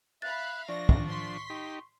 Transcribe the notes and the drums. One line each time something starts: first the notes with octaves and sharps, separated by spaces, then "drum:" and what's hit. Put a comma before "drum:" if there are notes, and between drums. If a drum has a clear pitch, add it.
E5 F5 B5 F#6 A6
F3 D4 D5 C#6 A#6
drum: kick
C6 B6
D#4 G4